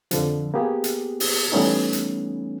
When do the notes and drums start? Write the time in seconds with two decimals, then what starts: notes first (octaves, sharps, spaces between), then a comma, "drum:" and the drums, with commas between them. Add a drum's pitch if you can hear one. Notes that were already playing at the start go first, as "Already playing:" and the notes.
0.11 F2 D3 F3, drum: hi-hat
0.54 A#3 B3 G4 G#4
0.84 drum: hi-hat
1.20 drum: open hi-hat
1.52 E3 G3 A3 B3 C#4 D#4
1.93 drum: hi-hat